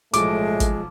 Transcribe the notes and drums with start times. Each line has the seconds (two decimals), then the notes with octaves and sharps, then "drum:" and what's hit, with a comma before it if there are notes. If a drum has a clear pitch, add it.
0.13 B1 A2 F3 G#3 A3 D6, drum: hi-hat
0.60 drum: kick, hi-hat